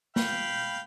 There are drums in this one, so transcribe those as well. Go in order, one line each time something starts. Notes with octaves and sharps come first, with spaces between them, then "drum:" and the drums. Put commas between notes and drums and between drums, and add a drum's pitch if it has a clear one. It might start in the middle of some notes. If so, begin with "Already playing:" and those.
F5 G5 B5, drum: snare